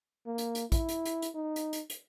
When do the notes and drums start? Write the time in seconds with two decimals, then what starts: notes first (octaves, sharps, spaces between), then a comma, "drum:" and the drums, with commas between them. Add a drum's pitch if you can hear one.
0.27 A#3
0.38 drum: hi-hat
0.55 drum: hi-hat
0.72 E4, drum: kick, hi-hat
0.89 drum: hi-hat
1.06 drum: hi-hat
1.22 drum: hi-hat
1.35 D#4
1.56 drum: hi-hat
1.73 drum: hi-hat
1.90 drum: hi-hat